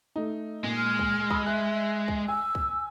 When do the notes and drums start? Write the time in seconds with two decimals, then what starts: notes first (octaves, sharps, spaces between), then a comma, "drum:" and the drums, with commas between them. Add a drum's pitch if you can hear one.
0.16 A3 D#4
0.64 A#2 G#3
0.77 F6
0.99 drum: kick
1.30 B5 D#6 E6, drum: kick
1.46 E5 F#6
2.08 drum: kick
2.28 G#5 E6
2.55 drum: kick